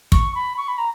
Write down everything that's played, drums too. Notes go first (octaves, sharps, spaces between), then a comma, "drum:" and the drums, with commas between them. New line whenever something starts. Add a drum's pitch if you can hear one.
C#6, drum: kick
B5
C#6
B5
A#5